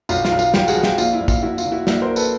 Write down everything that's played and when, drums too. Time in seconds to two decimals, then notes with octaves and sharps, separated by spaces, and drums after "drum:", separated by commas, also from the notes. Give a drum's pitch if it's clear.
0.09 B1 F4, drum: tambourine
0.25 F4, drum: snare
0.32 B1
0.39 F4, drum: tambourine
0.54 G#1 F4 G4, drum: snare
0.68 F#4 G#4, drum: tambourine
0.76 F3
0.83 F4 G4, drum: snare
0.98 A#1 F4, drum: tambourine
1.13 E4
1.20 A#1
1.28 F4, drum: kick, tambourine
1.42 F1 E4 F#4
1.58 F4, drum: tambourine
1.65 F1
1.72 E4 F#4
1.87 A#1 E4 F#4, drum: snare
2.02 A#4 C5
2.09 A#1
2.16 A4 B4, drum: tambourine